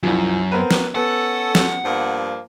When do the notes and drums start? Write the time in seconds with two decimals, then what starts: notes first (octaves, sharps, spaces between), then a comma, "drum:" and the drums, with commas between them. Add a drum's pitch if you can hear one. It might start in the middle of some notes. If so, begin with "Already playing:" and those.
0.03 C2 F#2 F3
0.52 B3 C4 A#4 B4
0.71 drum: snare
0.95 B3 C#4 A4 F#5
1.55 drum: snare
1.85 G2 F3 A#3